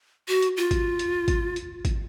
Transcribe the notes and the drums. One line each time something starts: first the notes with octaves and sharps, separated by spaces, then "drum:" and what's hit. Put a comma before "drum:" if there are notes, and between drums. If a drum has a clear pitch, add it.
F#4
drum: hi-hat
F4
drum: kick G#1, hi-hat
drum: hi-hat
drum: kick G#1, hi-hat
drum: hi-hat
drum: kick G#1, hi-hat